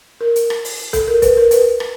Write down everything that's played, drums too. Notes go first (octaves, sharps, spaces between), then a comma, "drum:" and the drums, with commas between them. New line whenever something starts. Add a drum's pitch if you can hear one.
A#4
drum: hi-hat
drum: rim click
drum: open hi-hat
A4, drum: kick B1, hi-hat
A#4
B4, drum: kick B1, hi-hat
A#4
B4, drum: hi-hat
drum: rim click